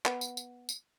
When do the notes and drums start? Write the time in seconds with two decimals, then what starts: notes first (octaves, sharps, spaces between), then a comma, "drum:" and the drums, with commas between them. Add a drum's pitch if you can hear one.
0.06 B3, drum: clap
0.21 drum: tambourine
0.37 drum: tambourine
0.69 drum: tambourine